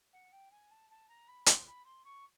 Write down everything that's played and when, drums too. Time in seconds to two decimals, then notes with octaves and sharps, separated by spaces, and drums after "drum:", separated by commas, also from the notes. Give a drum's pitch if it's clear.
0.13 F#5
0.32 G5
0.51 G#5
0.70 A5
0.90 A5
1.08 A#5
1.28 B5
1.46 C6, drum: hi-hat
1.66 B5
1.84 C6
2.04 C#6